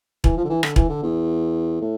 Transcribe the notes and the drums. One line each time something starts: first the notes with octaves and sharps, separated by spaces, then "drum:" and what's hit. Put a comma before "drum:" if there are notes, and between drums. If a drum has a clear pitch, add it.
E3, drum: kick E1
F3
D3
E3
D3, drum: rim click
E3, drum: kick E1
D3
E2
A2